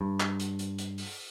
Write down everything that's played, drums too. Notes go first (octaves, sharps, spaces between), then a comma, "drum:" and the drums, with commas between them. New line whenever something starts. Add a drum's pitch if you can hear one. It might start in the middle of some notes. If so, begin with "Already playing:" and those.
G2
drum: clap
drum: hi-hat
drum: hi-hat
drum: hi-hat
drum: open hi-hat